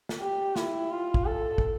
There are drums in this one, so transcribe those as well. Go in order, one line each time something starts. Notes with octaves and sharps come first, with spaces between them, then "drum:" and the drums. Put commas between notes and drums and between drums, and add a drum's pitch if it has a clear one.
drum: snare
G4
E4, drum: snare
F4
drum: kick
A4
drum: kick